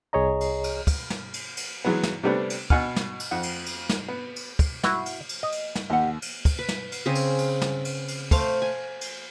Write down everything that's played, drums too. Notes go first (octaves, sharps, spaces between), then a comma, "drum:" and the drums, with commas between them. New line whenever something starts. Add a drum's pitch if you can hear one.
C2 G#4 C#5 D#5 A#5
drum: cymbal
drum: cymbal
drum: kick, cymbal
drum: snare
drum: cymbal
drum: cymbal
E3 F#3 G#3 B3
drum: snare
C3 G3 A3 B3 C4 D4
drum: cymbal
B2 F#5 G#5 F6, drum: kick
drum: snare
drum: cymbal
F2 F#5
drum: cymbal
drum: cymbal
drum: snare
B3
drum: cymbal
drum: kick, cymbal
E4 F#4, drum: snare
drum: cymbal
drum: cymbal
D#5
drum: cymbal
drum: snare
D#2 G4 F#5
drum: cymbal
drum: kick, cymbal
B4
drum: snare
drum: cymbal
C#3 C4 G#4
drum: cymbal
drum: cymbal
drum: snare
drum: cymbal
drum: cymbal
A3 C5 F5, drum: kick, cymbal
G#5
drum: cymbal